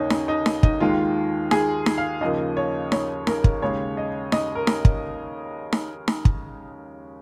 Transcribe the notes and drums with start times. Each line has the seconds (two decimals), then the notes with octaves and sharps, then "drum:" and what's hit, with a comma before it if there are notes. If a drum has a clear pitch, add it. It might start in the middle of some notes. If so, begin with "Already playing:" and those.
Already playing: D#2 C#3 A#3 C#4 D#4
0.10 C#4, drum: snare D#4
0.28 D#4
0.46 drum: snare D#4
0.63 D#4, drum: kick
0.80 D#2 D#3 G#3 F4
1.51 G#4, drum: snare D#4
1.86 drum: snare D#4
1.98 F5
2.21 D#2 C#3 F3 A#3 D#5
2.57 C#5
2.92 C#5, drum: snare D#4
3.27 A#4, drum: snare D#4
3.44 drum: kick
3.62 D#2 C#3 G#3 C#5
3.97 D#5
4.32 D#5, drum: snare D#4
4.55 A#4
4.67 drum: snare D#4
4.85 drum: kick
5.73 drum: snare D#4
6.08 drum: snare D#4
6.25 drum: kick